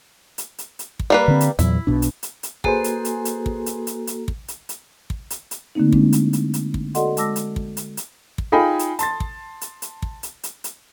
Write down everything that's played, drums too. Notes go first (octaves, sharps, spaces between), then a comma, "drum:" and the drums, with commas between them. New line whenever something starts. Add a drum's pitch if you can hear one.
drum: hi-hat
drum: hi-hat
drum: hi-hat
drum: kick
G3 A#3 B4
D3 C4
drum: hi-hat
E2 A#2 F#3 E4, drum: hi-hat
B1 B2 D4
drum: hi-hat
drum: hi-hat
drum: hi-hat
A#3 F#4 G#4 A4 B4 C5, drum: kick
drum: hi-hat
drum: hi-hat
drum: hi-hat
drum: kick
drum: hi-hat
drum: hi-hat
drum: hi-hat
drum: kick
drum: hi-hat
drum: hi-hat
drum: kick
drum: hi-hat
drum: hi-hat
D3 A3 A#3 C4 D#4
G#3 C4 D4 E4, drum: kick
drum: hi-hat
drum: hi-hat
drum: hi-hat
drum: kick
F#4 A4 D5 D#5 F#5 C6, drum: hi-hat
G#3 A5 D6 E6 A#6, drum: hi-hat
drum: hi-hat
drum: kick
drum: hi-hat
drum: hi-hat
drum: kick
D#4 F4 G#4 G5 B5
drum: hi-hat
A5 C6 A6, drum: hi-hat
drum: kick
drum: hi-hat
drum: hi-hat
drum: kick
drum: hi-hat
drum: hi-hat
drum: hi-hat